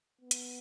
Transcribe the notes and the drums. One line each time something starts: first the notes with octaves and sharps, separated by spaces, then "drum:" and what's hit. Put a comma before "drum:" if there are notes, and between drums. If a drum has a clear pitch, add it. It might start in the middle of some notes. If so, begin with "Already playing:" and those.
B3
drum: hi-hat